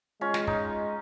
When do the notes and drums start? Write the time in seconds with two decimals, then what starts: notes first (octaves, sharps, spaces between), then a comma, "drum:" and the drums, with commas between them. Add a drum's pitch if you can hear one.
0.21 G#3 C#4 F4
0.34 drum: snare
0.47 D#4, drum: kick